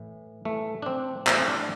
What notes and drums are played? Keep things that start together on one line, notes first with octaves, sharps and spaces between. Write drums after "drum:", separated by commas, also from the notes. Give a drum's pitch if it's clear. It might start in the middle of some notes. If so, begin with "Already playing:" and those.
Already playing: A2 E3
A2 E3 A3
D4
C4
A2 E3 E4, drum: clap
C4
D4
D4